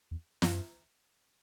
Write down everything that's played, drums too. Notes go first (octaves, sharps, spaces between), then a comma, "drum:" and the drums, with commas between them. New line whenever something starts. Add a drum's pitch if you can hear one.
E2
F#2, drum: snare